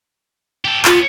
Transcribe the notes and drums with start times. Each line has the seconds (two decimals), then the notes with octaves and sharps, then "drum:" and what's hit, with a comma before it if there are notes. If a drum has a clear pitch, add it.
0.65 G4 A4
0.85 D#2 B3 F4, drum: clap